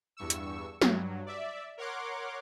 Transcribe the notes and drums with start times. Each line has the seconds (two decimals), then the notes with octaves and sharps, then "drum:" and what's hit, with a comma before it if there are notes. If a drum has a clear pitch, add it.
0.17 E2 G2 C#6 E6
0.30 drum: hi-hat
0.82 G2 F#3, drum: snare
1.26 D5 E5
1.77 A#4 C#5 F#5 C6 D6